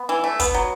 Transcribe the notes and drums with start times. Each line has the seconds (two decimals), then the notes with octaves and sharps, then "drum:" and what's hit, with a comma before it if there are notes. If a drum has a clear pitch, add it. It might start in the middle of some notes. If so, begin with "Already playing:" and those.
Already playing: B3
0.09 E3
0.24 A3
0.40 B3, drum: kick, hi-hat
0.54 F#3